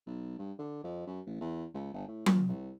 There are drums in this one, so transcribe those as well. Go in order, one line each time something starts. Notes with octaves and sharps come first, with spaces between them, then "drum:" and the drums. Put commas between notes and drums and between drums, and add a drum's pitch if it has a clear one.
B1
G2
D3
F2
F#2
A1
E2
C#2
G1
A2
A#2, drum: tom F#3
C2